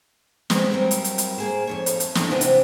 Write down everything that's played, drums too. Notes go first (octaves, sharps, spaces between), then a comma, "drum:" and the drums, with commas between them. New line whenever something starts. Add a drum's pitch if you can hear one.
G#3 B3 C4, drum: snare
F#3 G3 C4 A#4
drum: hi-hat
drum: hi-hat
drum: hi-hat
A#3 G#4 C5
F2 B2 C#5
drum: hi-hat
drum: hi-hat
D3 E3, drum: snare
C3 E3 B3 C4 D4
drum: hi-hat